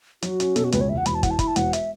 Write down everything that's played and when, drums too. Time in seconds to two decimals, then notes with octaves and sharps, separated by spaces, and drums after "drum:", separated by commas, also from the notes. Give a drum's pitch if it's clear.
0.22 F#3 F#4, drum: hi-hat
0.40 C#4, drum: hi-hat
0.56 B2 A4, drum: hi-hat
0.64 F#4
0.72 C#2 B4, drum: hi-hat
0.81 C#5
0.89 E1 E5
0.97 F#5
1.06 E1 B5, drum: hi-hat
1.15 A5
1.23 E4 F#5, drum: kick, hi-hat
1.31 A5
1.39 E4 B5, drum: kick, hi-hat
1.48 A5
1.56 E1 F#5, drum: hi-hat
1.73 E5, drum: hi-hat